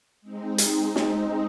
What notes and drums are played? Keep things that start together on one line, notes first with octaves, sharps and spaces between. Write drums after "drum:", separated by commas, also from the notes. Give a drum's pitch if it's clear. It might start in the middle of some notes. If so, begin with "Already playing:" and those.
G#3 C4 D#4
drum: hi-hat
drum: snare